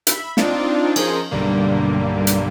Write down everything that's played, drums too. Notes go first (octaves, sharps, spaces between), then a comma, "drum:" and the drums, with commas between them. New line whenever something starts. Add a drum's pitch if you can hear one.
E5 B5, drum: hi-hat
C4 D4 D#4 F4, drum: snare
F3 C#4 D#4 G#4 A#4 C5, drum: cymbal
B1 G2 D3 G3 A#3
drum: hi-hat